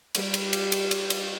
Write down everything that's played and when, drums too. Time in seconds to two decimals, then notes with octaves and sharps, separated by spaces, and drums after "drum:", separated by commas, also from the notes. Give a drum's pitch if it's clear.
0.15 G3, drum: cymbal
0.34 drum: cymbal
0.53 drum: cymbal
0.72 drum: cymbal
0.91 drum: cymbal
1.10 drum: cymbal